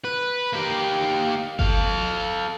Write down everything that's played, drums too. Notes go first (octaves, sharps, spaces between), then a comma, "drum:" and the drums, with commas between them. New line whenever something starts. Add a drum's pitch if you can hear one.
B4
A#3 G4
A4 F5, drum: kick G1